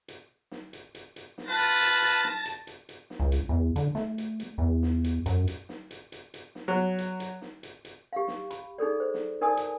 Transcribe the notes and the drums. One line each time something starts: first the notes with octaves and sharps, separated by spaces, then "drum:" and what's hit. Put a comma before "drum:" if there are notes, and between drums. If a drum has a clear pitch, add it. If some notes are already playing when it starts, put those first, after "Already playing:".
drum: hi-hat
drum: snare
drum: hi-hat
drum: hi-hat
drum: hi-hat
drum: snare
F4 B4 A5 A6 A#6
drum: hi-hat
drum: hi-hat
drum: hi-hat
drum: snare
drum: hi-hat
drum: hi-hat
drum: hi-hat
drum: snare
C#2
drum: hi-hat
E2
D3, drum: hi-hat
A3, drum: snare
drum: hi-hat
drum: hi-hat
E2
drum: snare
drum: hi-hat
F#2, drum: hi-hat
drum: hi-hat
drum: snare
drum: hi-hat
drum: hi-hat
drum: hi-hat
drum: snare
F#3
drum: hi-hat
drum: hi-hat
drum: snare
drum: hi-hat
drum: hi-hat
G4 F5
drum: snare
B5, drum: hi-hat
D#4 G#4 A4 D5
C5
drum: snare
D#4 A#4 D5 G#5 A5 D#6
drum: hi-hat